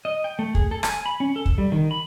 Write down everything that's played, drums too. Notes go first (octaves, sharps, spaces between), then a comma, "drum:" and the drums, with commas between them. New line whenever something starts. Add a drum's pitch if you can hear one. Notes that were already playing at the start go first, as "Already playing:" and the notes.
D#5
G5
A3
G#4, drum: kick
A4
G#5, drum: rim click
B5
C#4
A4
drum: kick
G3
D#3
B5